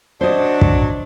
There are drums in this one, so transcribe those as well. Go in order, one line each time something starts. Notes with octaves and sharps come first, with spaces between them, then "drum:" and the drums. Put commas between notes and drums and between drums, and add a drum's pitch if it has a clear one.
F#3 D4 C5 D#5
drum: kick